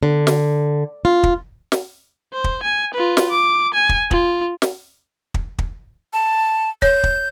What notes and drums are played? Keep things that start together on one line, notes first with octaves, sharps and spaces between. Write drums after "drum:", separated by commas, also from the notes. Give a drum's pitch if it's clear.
D3
drum: snare
F4
drum: kick
drum: snare
C5
drum: kick
G#5
F4 B4
drum: snare
D6
G#5
drum: kick
F4, drum: kick
drum: snare
drum: kick
drum: kick
A5
C#5 G6, drum: kick
drum: kick